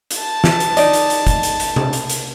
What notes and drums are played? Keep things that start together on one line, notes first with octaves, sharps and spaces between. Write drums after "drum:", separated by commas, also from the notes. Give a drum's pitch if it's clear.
drum: hi-hat
A5
drum: snare
drum: hi-hat
D#4 D5 D#5, drum: hi-hat
drum: hi-hat
drum: hi-hat
drum: kick, hi-hat
drum: hi-hat
drum: hi-hat
drum: tom C3
drum: hi-hat
drum: hi-hat